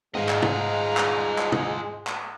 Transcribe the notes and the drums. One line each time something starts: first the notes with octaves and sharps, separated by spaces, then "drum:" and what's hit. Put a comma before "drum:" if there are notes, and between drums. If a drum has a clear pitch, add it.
G#2 G#3 F4 D#5 F5 A#5
drum: clap
drum: tom
drum: clap
drum: clap
drum: tom
drum: clap